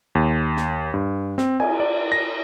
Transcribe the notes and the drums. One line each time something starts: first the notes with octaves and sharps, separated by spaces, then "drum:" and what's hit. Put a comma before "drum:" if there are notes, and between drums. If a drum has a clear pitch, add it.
D#2
drum: snare
G2
C4, drum: snare
G#5, drum: cymbal
D5
A#6